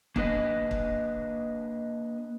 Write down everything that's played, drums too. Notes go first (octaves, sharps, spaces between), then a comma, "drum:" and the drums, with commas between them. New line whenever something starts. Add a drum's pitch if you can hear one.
A#3 D4 G#4 B4 D#5, drum: kick
drum: kick